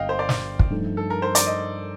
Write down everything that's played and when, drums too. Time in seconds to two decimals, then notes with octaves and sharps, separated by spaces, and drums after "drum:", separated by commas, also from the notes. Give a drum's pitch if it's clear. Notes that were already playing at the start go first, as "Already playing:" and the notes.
Already playing: G1 G2 D3 D#5 F5 G5
0.09 C5
0.19 D5
0.29 drum: snare
0.59 drum: kick
0.70 G2 F3 A3 D#4
0.97 A4
1.10 A#4
1.22 C5
1.35 D5, drum: hi-hat
1.47 D#5